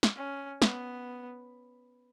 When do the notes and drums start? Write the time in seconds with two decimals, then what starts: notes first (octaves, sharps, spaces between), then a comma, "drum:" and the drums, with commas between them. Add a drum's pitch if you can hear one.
0.03 drum: snare
0.16 C#4
0.62 B3, drum: snare